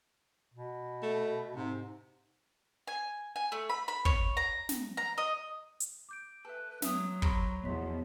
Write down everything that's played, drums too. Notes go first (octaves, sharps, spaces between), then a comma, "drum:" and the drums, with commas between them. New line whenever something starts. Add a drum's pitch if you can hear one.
B2
A3
G#2 C3
G#5
G#5
A3
B5
B5
C#5, drum: kick
A#5
drum: snare
A#5
D#5
drum: hi-hat
D6 G6 D7
A4 B4 E5
F#3 E5 D#6, drum: snare
A#4 C5 B5 C#6, drum: kick
E2 B2 F3 C#5 C6 B6